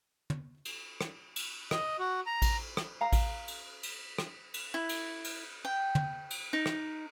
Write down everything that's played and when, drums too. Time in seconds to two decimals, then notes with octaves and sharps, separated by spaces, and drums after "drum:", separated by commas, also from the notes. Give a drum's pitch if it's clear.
0.30 drum: tom
0.65 drum: cymbal
1.01 drum: rim click
1.36 drum: cymbal
1.71 D#5, drum: rim click
1.99 F#4
2.26 A#5
2.42 drum: kick A1, cymbal
2.77 drum: rim click
3.01 F5 A#5
3.13 drum: kick A1, cymbal
3.48 drum: cymbal
3.83 drum: cymbal
4.18 drum: rim click
4.54 drum: cymbal
4.74 E4
4.89 drum: cymbal
5.24 drum: cymbal
5.65 G5
5.95 drum: tom
6.30 drum: cymbal
6.53 D#4
6.66 drum: rim click